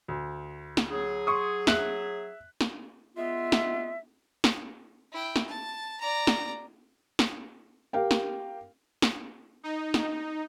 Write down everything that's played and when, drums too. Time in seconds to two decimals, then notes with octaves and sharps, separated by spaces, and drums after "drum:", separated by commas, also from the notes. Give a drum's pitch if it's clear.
0.08 D2
0.77 drum: snare
0.91 F#3 G#4
1.27 C6 C#6 D#6
1.67 E5 F#6 F#7, drum: snare
2.61 drum: snare
3.17 G#3 B3 F4 E5
3.52 drum: snare
4.44 drum: snare
5.12 E4 G5
5.36 drum: snare
5.48 A5
6.01 D5 A#5
6.27 drum: snare
7.19 drum: snare
7.93 G4 A#4 F5 G5
8.11 drum: snare
9.02 drum: snare
9.63 D#4
9.94 drum: snare